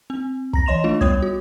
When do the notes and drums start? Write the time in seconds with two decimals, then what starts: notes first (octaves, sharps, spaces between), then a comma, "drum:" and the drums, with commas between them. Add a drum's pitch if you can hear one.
0.10 C4
0.53 A#5 A#6, drum: kick
0.66 E3 C#5 D#5 C6 E7 F7
0.84 A3 D4 F4
1.01 G3 B3 C#5 D#6 G#6, drum: kick
1.22 F#4